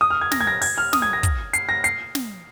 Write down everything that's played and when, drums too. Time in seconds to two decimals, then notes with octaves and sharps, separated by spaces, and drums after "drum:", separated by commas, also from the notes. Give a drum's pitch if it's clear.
0.01 D#6
0.10 F6
0.21 G#6
0.31 A#6, drum: snare
0.41 G#6
0.47 A#6
0.62 G#6, drum: open hi-hat
0.78 F6
0.93 D#6, drum: snare
1.02 G#6
1.13 A#6
1.23 drum: kick, hi-hat
1.53 C7, drum: hi-hat
1.69 A#6
1.84 C7, drum: hi-hat
2.15 drum: snare